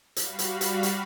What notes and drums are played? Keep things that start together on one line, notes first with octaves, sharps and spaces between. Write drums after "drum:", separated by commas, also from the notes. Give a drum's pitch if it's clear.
G3 F#4 F5 B5, drum: hi-hat
drum: hi-hat
drum: hi-hat
drum: hi-hat